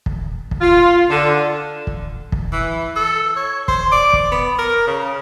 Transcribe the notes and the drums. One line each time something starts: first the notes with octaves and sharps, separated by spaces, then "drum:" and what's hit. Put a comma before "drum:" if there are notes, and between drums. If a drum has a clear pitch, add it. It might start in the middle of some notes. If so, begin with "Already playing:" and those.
drum: kick
drum: kick
F4
D3
drum: kick
drum: kick
E3
A4
C#5
C5, drum: kick
D5
drum: kick
B3
A#4
C#3